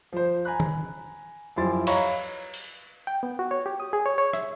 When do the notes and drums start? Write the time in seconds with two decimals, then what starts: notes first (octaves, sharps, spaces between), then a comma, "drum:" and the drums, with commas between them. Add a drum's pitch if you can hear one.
0.12 F3 C5
0.45 G#5 A#5 B5 F#6
0.60 drum: tom D#3
1.56 F#2 F3 G3 E4 C6 A6
1.87 C#5 D#5 F5 A#5 B5 C#6, drum: cymbal
2.54 drum: open hi-hat
3.07 G5
3.23 B3
3.39 F#4
3.51 C#5
3.66 G4
3.80 D#6
3.93 G#4
4.06 C#5
4.18 C#5
4.33 E5, drum: rim click